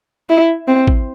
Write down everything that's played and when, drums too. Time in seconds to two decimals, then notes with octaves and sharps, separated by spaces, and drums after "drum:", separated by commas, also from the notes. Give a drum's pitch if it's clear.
0.30 E4
0.68 C4
0.87 drum: kick A1